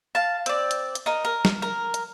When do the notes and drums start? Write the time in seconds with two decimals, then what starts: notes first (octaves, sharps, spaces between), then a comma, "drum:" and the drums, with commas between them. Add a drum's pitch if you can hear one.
0.15 F5 A5
0.46 C4 D5, drum: hi-hat
0.71 drum: hi-hat
0.95 drum: hi-hat
1.06 D#4 A#4
1.25 A#4
1.45 drum: snare
1.62 A#4
1.94 drum: hi-hat